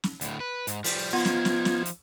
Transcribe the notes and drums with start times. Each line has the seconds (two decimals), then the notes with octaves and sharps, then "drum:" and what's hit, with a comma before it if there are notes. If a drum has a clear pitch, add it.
0.04 drum: snare
0.21 D2 A2, drum: hi-hat
0.40 B4
0.67 G#2, drum: hi-hat
0.84 F3 G3, drum: open hi-hat
1.13 F3 B3 D#4 F4 G#6
1.25 drum: snare
1.45 drum: snare
1.65 drum: snare
1.85 drum: hi-hat